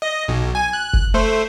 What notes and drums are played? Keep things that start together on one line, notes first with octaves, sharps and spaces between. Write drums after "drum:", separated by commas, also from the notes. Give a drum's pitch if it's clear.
D#5
B1
G#5
F#6
drum: kick F1
A3 C5